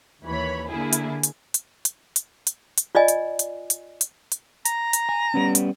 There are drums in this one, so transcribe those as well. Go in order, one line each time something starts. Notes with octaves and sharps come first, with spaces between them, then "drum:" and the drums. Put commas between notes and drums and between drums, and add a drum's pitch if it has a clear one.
D#2 E3 C#5 B5
D3 A#3 E4 G#4
drum: hi-hat
drum: hi-hat
drum: hi-hat
drum: hi-hat
drum: hi-hat
drum: hi-hat
drum: hi-hat
F4 D5 D#5 G#5
drum: hi-hat
drum: hi-hat
drum: hi-hat
drum: hi-hat
drum: hi-hat
A#5, drum: hi-hat
drum: hi-hat
G#5
G3 B3 C#4
drum: hi-hat